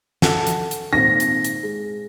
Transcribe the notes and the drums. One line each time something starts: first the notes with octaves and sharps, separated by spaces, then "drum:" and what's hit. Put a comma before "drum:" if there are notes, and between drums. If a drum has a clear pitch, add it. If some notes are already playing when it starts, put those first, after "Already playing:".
F#4 A4, drum: snare
drum: hi-hat
drum: hi-hat
G#1 A#2 C4 A#6
drum: hi-hat
drum: hi-hat
G#3